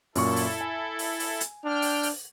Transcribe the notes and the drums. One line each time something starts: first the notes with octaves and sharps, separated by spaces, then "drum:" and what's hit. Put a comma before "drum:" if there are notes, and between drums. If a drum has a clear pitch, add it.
F#2 A#2 E4 A4 C#6, drum: open hi-hat
drum: open hi-hat
G#5
drum: open hi-hat
drum: open hi-hat
drum: hi-hat
D4 G5 F6
drum: open hi-hat
drum: open hi-hat